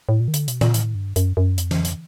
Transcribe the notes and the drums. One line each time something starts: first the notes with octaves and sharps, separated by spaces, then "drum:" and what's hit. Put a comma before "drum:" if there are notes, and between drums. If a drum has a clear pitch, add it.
A2
A#2
D#3
D3, drum: hi-hat
B2, drum: hi-hat
A#2, drum: tom D#3
A2, drum: hi-hat
G2
F#2, drum: hi-hat
F#2
F2, drum: hi-hat
drum: tom E3
drum: hi-hat